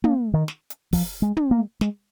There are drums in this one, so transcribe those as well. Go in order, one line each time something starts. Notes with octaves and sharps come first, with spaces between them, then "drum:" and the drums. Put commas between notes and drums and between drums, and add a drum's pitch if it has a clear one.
A#3, drum: tom
D#3
drum: snare
drum: hi-hat
F3, drum: kick, open hi-hat
G#3
drum: tom
A#3
G#3, drum: snare